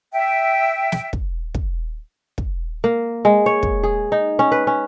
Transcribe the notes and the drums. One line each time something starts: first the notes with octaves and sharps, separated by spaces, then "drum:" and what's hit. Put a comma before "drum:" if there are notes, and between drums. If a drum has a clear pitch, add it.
E5 G5
drum: snare
drum: kick
drum: kick
drum: kick
A#3
G#3
C#5
drum: kick
G#4
D#4
C#4
B4
C#4